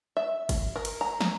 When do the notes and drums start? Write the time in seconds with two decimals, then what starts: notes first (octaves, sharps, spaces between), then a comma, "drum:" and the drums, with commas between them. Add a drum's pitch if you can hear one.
0.17 E5
0.49 drum: kick, cymbal
0.76 A#4
0.85 drum: cymbal
1.01 A#5
1.21 A#5, drum: snare